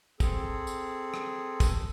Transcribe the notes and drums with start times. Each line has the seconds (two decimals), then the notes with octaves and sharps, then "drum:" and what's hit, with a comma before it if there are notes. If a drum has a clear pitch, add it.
0.20 C4 G#4 A4, drum: kick, tambourine
0.67 drum: tambourine
1.14 drum: rim click
1.60 drum: kick, tambourine